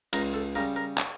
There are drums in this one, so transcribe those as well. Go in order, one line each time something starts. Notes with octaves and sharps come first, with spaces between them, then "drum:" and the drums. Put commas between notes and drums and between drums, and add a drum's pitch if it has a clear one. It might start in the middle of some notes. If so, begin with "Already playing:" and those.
C#2 A#4, drum: cymbal
A4
C#3 G3 A#4
A#4
C#5, drum: clap